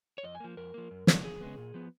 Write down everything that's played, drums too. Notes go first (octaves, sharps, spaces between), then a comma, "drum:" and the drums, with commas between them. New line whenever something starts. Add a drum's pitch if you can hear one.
C#5
F2 D#5
G#5
F3 A#3
F2 A#4
F3 A#3
F#2
C#3 G#3 B3, drum: snare
F#2 G#4
C#3 G#3 B3
A#2
F3 B3